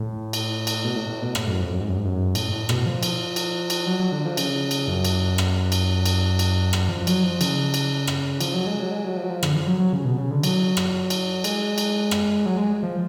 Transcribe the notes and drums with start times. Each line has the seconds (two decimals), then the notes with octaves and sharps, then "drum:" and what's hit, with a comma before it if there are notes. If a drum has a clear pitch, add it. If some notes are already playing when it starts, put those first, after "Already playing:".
Already playing: A2
0.33 drum: cymbal
0.67 drum: cymbal
0.84 B2
0.96 A2
1.09 A2
1.22 B2
1.35 A2, drum: rim click
1.47 F#2
1.60 F2
1.72 F#2
1.81 G#2
1.89 F#2
1.98 G#2
2.05 F#2
2.35 A2, drum: cymbal
2.52 A2
2.69 B2, drum: rim click
2.86 F3
3.03 drum: cymbal
3.36 drum: cymbal
3.70 drum: cymbal
3.87 F#3
4.00 F#3
4.12 D3
4.25 F3
4.37 C#3, drum: cymbal
4.71 drum: cymbal
4.88 F#2
5.05 drum: cymbal
5.38 drum: rim click
5.72 drum: cymbal
6.06 drum: cymbal
6.39 drum: cymbal
6.73 drum: rim click
6.89 F3
7.07 F#3, drum: cymbal
7.23 F3
7.41 C#3, drum: cymbal
7.74 drum: cymbal
8.07 drum: rim click
8.41 F3, drum: cymbal
8.54 F#3
8.66 G#3
8.79 F#3
8.92 G#3
9.04 F#3
9.17 F3
9.23 F#3
9.29 F3
9.43 D3, drum: rim click
9.55 F3
9.67 F#3
9.80 F#3
9.93 C#3
10.05 B2
10.18 C#3
10.31 D3
10.43 F#3, drum: cymbal
10.77 drum: rim click
11.10 drum: cymbal
11.44 G#3, drum: cymbal
11.78 drum: cymbal
12.11 drum: rim click
12.46 F#3
12.57 G#3
12.83 F3